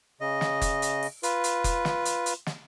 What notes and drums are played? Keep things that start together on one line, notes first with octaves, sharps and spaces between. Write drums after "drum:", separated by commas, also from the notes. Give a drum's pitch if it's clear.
C#3 D#5
drum: snare
drum: kick F1, hi-hat
drum: hi-hat
drum: open hi-hat
F4 B4, drum: hi-hat
drum: hi-hat
drum: kick F1, hi-hat
drum: snare
drum: hi-hat
drum: hi-hat
drum: snare